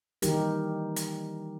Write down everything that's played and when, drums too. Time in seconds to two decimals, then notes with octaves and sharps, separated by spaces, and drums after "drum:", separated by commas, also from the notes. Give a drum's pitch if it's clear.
0.22 D#3 E3 G3 D#4 G4 A#4, drum: hi-hat
0.96 drum: hi-hat